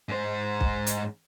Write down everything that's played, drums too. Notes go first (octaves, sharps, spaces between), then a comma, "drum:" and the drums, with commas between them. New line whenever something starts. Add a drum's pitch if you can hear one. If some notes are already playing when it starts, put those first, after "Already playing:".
G#2 C5
drum: kick B1
drum: hi-hat